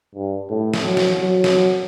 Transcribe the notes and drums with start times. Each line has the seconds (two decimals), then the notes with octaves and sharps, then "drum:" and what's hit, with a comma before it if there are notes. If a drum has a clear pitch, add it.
0.15 G2
0.50 A2
0.74 drum: snare
0.85 F#3
0.97 drum: snare
1.21 F#3
1.44 drum: snare